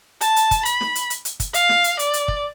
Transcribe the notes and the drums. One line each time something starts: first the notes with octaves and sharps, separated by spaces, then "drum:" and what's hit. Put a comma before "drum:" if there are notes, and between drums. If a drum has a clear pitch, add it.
A5, drum: hi-hat
drum: hi-hat
drum: kick, hi-hat
B5, drum: hi-hat
drum: snare
drum: hi-hat
drum: hi-hat
drum: hi-hat
drum: kick, hi-hat
F5, drum: hi-hat
drum: snare
drum: hi-hat
D5, drum: hi-hat
drum: hi-hat
drum: kick